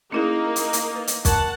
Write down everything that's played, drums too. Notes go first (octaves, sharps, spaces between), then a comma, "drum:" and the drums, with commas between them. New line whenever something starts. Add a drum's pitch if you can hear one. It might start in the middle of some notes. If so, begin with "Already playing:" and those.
A#3 C#4 D#4 E4 G#4
drum: hi-hat
drum: hi-hat
B4
drum: hi-hat
A#4 F#5 A5 C#6 D6, drum: kick, hi-hat